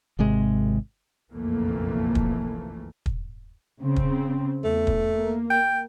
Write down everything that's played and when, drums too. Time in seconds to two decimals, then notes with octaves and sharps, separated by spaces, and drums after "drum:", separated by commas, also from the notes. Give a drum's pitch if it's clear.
0.19 G#1 C3 G#3
1.32 F#1 B1 F2 E3 A3 A#3
2.15 drum: kick
3.06 drum: kick
3.81 C#3 C4
3.96 drum: kick
4.64 E2 A3
4.87 drum: kick
5.13 A#3
5.50 G5